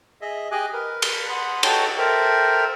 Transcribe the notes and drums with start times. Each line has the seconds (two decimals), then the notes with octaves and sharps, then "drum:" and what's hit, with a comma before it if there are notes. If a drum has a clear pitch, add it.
0.21 G#4 D#5 E5
0.52 G4 G#4 D#5 G#5 D6 F#6
0.73 A#4 B4
1.02 drum: cymbal
1.30 F#5 B5 C6 D#6
1.63 D#4 F#4 A4 C#5 G5 A5, drum: cymbal
1.98 A4 A#4 C5 E5 G5 A#5